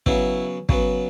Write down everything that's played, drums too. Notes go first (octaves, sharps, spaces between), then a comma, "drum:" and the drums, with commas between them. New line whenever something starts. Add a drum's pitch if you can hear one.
C#3 F#3 B3 E4, drum: kick
C#3 F#3 B3, drum: kick